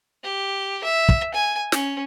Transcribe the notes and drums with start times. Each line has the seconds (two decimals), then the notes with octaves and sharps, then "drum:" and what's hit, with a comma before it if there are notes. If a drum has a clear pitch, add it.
0.23 G4
0.83 E5
1.09 drum: kick
1.34 G#5
1.72 C#4, drum: snare